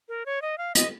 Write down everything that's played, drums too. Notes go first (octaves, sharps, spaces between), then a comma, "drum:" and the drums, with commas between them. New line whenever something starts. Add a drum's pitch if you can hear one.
A#4
C#5
D#5
F5
D#5, drum: hi-hat